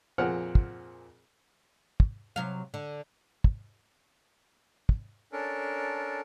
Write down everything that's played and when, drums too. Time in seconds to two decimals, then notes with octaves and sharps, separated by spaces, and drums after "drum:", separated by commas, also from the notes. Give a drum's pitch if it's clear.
0.18 F2 A#2 C4 G#4 F#5 F6
0.55 drum: kick
2.00 drum: kick
2.36 C3 F#3 F5
2.74 D3
3.44 drum: kick
4.89 drum: kick
5.32 C#4 D4 A4 A#4